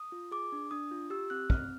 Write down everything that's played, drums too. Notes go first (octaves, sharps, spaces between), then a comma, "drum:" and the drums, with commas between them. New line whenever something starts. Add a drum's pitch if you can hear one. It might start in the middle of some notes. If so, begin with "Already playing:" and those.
Already playing: D#6
F4
G#4 D6
D4
D4 D#6
F4
G4 E6
C4 F#6
C4 F6, drum: kick